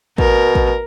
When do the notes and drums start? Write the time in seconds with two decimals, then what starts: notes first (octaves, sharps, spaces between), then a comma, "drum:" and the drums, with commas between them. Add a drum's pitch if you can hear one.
0.18 B2 A#4, drum: kick A1
0.55 drum: kick A1